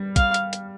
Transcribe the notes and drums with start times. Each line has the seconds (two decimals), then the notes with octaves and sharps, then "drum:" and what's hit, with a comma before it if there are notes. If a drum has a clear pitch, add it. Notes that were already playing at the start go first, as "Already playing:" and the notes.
Already playing: G3
0.16 F5, drum: kick, hi-hat
0.34 drum: hi-hat
0.53 drum: hi-hat